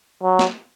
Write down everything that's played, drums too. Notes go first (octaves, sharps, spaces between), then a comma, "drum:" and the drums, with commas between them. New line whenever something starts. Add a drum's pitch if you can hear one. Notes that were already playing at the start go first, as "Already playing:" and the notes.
F#3
drum: snare